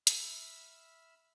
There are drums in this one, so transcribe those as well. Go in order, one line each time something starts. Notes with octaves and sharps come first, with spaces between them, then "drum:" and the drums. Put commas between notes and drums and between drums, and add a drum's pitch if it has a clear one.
E5 B5 E6 F6, drum: hi-hat